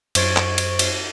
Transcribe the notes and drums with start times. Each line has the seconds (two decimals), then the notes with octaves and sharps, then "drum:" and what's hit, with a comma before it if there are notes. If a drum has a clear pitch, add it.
0.15 F#2 C5 C#6 G#6 A6 D7, drum: cymbal
0.37 drum: clap
0.58 drum: cymbal
0.79 drum: cymbal